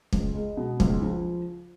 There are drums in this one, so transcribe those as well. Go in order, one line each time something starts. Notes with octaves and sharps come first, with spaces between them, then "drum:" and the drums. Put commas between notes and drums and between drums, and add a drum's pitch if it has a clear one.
C#2, drum: kick
G#3
B2
C#2, drum: kick
F3